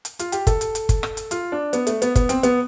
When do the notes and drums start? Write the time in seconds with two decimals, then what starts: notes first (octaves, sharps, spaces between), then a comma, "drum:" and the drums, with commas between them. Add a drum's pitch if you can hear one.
0.05 drum: hi-hat
0.19 F4, drum: hi-hat
0.32 G4, drum: hi-hat
0.47 A4, drum: kick G1, hi-hat
0.61 drum: hi-hat
0.75 drum: hi-hat
0.89 drum: kick G1, hi-hat
1.03 drum: rim click
1.17 drum: hi-hat
1.31 F4, drum: hi-hat
1.52 D4
1.73 B3, drum: hi-hat
1.87 A3, drum: hi-hat
2.02 B3, drum: hi-hat
2.15 B3, drum: kick G1, hi-hat
2.29 C4, drum: hi-hat
2.43 B3, drum: hi-hat